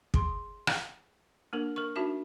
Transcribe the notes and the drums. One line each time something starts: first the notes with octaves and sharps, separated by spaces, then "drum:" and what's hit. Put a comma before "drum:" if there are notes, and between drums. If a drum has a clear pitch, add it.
G#4 C6, drum: kick
drum: rim click
A#3 D4 A#4
A#4 C#6
D4 D#4 F#4 E5 A5